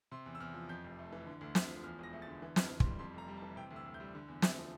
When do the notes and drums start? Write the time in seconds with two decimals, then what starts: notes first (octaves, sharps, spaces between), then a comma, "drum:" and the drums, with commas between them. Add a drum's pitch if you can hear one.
0.12 C3 C6
0.26 E2
0.35 E6
0.40 E2 F6
0.54 F3
0.69 F2 G6
0.84 F1
0.99 A3
1.12 E3
1.27 D3
1.41 D2
1.55 D2, drum: snare
1.69 F3
1.84 E2 F6
1.99 E1 A#6
2.13 A3
2.22 A6
2.28 D3
2.42 E3
2.56 F2 F6, drum: snare
2.71 F2
2.80 C6, drum: kick
2.85 G3
2.99 F2 C6
3.14 F1 A#5
3.28 G3
3.37 A5
3.42 E3
3.56 C3 G5
3.71 D2
3.76 E6
3.86 D2
3.94 G6
4.00 G3
4.15 D3
4.28 E2
4.42 A3, drum: snare
4.57 F3